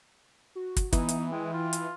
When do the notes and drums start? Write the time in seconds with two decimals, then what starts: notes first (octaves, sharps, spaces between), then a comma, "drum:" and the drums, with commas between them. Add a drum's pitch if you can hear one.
0.55 F#4
0.77 drum: kick, hi-hat
0.93 E3 B3 D#4, drum: kick, hi-hat
1.09 drum: hi-hat
1.32 G#3 G5
1.53 F4
1.73 drum: hi-hat